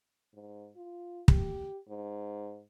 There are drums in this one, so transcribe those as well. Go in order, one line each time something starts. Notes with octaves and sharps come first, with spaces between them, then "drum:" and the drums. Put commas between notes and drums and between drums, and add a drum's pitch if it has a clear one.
G#2
F4
G4, drum: kick
G#2